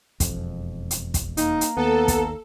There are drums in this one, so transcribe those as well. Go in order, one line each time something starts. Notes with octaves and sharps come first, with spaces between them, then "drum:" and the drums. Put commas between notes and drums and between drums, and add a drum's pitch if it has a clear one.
E1 F2, drum: kick, hi-hat
drum: hi-hat
drum: kick, hi-hat
A#3 D#4, drum: hi-hat
drum: hi-hat
D#2 B3 A4
drum: kick, hi-hat